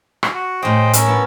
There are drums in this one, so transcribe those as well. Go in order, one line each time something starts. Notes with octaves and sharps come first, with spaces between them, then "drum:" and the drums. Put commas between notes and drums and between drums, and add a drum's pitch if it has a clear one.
drum: rim click
F#4
A2 G#4 C5 D#5 G5
C#4 A#4 E6, drum: hi-hat
B3 E4